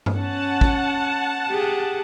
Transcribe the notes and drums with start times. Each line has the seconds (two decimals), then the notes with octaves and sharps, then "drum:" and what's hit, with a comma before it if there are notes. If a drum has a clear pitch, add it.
0.06 drum: tom G2
0.16 C#4 F#5 A5
0.61 drum: kick
1.48 G4 G#4